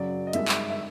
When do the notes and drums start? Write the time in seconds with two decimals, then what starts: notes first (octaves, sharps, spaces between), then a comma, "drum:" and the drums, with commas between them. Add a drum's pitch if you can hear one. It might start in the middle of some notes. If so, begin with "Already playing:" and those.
Already playing: F#2 C#3 F#3 D5
0.27 D#5
0.33 G2 D#3 G#3 E5, drum: hi-hat
0.48 drum: clap
0.70 E5